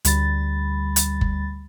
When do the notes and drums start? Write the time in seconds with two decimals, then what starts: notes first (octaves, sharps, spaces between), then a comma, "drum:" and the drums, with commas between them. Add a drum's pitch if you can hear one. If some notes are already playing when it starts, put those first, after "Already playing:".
0.05 D2 G3 B5 A6, drum: hi-hat
0.96 drum: hi-hat
1.21 drum: kick F#1